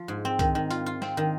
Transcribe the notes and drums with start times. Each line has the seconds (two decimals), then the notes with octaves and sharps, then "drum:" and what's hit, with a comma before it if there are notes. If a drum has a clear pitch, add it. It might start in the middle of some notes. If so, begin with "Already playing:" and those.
Already playing: F3 F4
0.08 G#2
0.25 C4
0.39 D#3, drum: kick C2, hi-hat
0.55 D#3
0.70 F4, drum: hi-hat
0.86 F4
1.02 C4, drum: snare
1.17 D#3